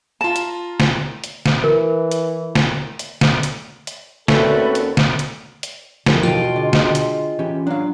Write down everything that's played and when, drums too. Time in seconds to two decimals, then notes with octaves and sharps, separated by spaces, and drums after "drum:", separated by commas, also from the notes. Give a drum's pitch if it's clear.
0.21 F4 A5 A#5
0.36 drum: hi-hat
0.80 drum: snare
1.24 drum: hi-hat
1.46 drum: snare
1.64 E3 A#4
2.11 drum: hi-hat
2.55 drum: snare
2.99 drum: hi-hat
3.21 drum: snare
3.43 drum: hi-hat
3.87 drum: hi-hat
4.28 D#2 A3 C4 C#4 F#4 A4 B4 D5, drum: snare
4.75 drum: hi-hat
4.97 drum: snare
5.19 drum: hi-hat
5.63 drum: hi-hat
6.06 D#2 C3 E3 F3 A4, drum: snare
6.23 B2 F4 G5
6.56 D3 G#3
6.73 drum: snare
6.95 drum: hi-hat
7.39 E3 C#4 G4
7.67 F#3 D4 F5